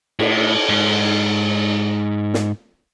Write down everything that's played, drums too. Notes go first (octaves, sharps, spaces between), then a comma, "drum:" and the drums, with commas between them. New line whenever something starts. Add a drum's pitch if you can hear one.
A2, drum: cymbal
G#2
drum: snare